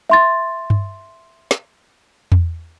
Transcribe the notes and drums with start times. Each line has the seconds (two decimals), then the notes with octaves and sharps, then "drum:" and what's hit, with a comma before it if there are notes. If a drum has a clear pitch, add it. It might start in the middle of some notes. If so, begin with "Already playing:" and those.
0.10 E5 C6 A6
0.70 drum: tom G2
1.51 drum: snare
2.32 drum: tom E2